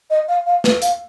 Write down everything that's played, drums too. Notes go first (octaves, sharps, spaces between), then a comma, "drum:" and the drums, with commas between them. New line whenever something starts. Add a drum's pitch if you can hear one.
D#5
F5
F5
B4, drum: snare
F5, drum: hi-hat